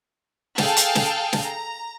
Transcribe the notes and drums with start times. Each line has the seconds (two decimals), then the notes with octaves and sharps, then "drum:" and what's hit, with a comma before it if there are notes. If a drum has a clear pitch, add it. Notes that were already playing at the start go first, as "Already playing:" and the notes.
0.58 G#4 A4 F5 G5 A5, drum: snare
0.77 drum: hi-hat
0.95 drum: snare
1.33 drum: snare
1.43 A#5